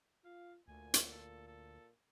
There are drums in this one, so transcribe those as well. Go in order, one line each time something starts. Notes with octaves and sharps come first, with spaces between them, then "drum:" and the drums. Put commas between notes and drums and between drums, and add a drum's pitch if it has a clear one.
F4 F5
D2 A#2 G#5
drum: hi-hat
A4
A4